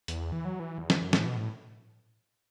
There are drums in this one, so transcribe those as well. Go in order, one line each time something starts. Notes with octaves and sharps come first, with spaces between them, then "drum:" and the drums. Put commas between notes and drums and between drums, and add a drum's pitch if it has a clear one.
E2, drum: hi-hat
E3
F#3
E3
E2
F#2, drum: snare
F#2
A2, drum: snare
B2
A2